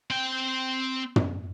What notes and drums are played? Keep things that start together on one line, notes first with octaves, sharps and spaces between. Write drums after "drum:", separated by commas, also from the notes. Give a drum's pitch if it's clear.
C4 G5
drum: tom